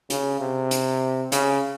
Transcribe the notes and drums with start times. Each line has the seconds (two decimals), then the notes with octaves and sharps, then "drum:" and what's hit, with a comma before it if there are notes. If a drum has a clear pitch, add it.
0.10 C#3, drum: hi-hat
0.40 C3
0.71 drum: hi-hat
1.32 C#3, drum: hi-hat